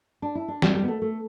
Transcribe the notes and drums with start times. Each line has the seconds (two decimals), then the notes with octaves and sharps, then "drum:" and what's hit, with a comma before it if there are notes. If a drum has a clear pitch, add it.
0.22 D4
0.35 E4
0.48 D4
0.62 G3, drum: snare
0.75 G3
0.83 B3
0.88 A3
1.02 A3